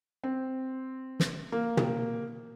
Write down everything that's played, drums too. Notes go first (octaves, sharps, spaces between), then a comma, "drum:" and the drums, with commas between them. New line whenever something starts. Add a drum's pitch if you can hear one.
C4
drum: snare
A#3
drum: tom